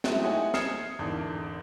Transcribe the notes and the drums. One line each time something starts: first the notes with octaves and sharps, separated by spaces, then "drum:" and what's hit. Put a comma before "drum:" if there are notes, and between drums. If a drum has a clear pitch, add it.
F#3 G#3 A3 C4 E4 F#4, drum: snare
D#4 E4 G4 C#5 F#5 G#5
D#6 F6 G#6 C7 C#7 E7, drum: snare
G#1 E2 D3 D4